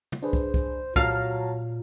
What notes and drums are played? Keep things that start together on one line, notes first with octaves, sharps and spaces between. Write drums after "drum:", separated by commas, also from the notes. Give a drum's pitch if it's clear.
drum: tom
D4 G#4 B4 C5
drum: kick
drum: kick
A#2 F#3 F5 A5 A#5, drum: kick